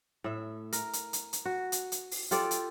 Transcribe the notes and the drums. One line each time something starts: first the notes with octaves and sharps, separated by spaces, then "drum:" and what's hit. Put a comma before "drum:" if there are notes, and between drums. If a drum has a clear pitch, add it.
A2 E5
A#4, drum: hi-hat
drum: hi-hat
drum: hi-hat
drum: hi-hat
F#4
drum: hi-hat
drum: hi-hat
drum: open hi-hat
F4 G4 A4 D5, drum: hi-hat
drum: hi-hat